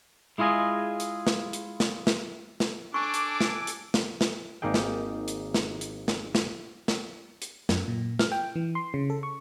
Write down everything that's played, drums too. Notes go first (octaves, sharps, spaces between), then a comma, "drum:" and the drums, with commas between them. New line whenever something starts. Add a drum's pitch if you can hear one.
G#3 E4 F4 G#4 D#5
drum: hi-hat
drum: snare
drum: hi-hat
drum: snare
drum: snare
drum: snare
D4 A4 G#5 C#6 D6
drum: hi-hat
drum: snare
drum: hi-hat
drum: snare
drum: snare
G#1 A#3 D#4 G#4 G5
drum: snare
drum: hi-hat
drum: snare
drum: hi-hat
drum: snare
drum: snare
drum: snare
drum: hi-hat
F#2, drum: snare
A#2
F6, drum: snare
G5
E3
C6
C#3
A4
C#6